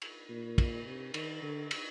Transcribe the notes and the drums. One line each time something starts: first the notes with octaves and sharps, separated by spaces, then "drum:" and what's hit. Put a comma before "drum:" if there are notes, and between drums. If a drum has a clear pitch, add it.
drum: cymbal
A#2
drum: kick, cymbal
C3
D#3, drum: cymbal
D3
drum: cymbal